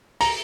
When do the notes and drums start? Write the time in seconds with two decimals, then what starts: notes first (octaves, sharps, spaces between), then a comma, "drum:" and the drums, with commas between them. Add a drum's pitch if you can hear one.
0.21 A#5, drum: open hi-hat